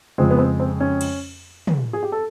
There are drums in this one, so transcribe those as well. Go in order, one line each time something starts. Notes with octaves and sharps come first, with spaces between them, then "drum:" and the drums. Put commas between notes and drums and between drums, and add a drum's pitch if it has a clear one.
F2 C#3 F3 G#3 C4
B3
C4
C4
C#4
drum: cymbal
drum: tom
G#4
G4
A4